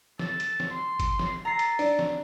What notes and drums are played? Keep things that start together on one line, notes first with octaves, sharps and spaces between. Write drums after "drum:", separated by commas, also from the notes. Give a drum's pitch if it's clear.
A4, drum: snare
drum: hi-hat
drum: snare
C6
drum: kick, hi-hat
drum: snare
A4 A#5 C7
drum: hi-hat
D4, drum: open hi-hat
drum: snare